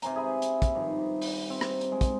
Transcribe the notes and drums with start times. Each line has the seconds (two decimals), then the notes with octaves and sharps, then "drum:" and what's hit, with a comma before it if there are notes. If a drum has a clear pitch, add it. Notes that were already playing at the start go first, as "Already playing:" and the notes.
0.02 C3 C5 G#5 A#5, drum: hi-hat
0.16 G#4 E5 B5
0.42 drum: hi-hat
0.62 drum: kick, hi-hat
0.74 G2 D#3 F3
0.98 G4
1.22 drum: open hi-hat
1.50 C4
1.61 drum: rim click
1.81 drum: hi-hat
1.92 G#3
2.01 drum: kick, hi-hat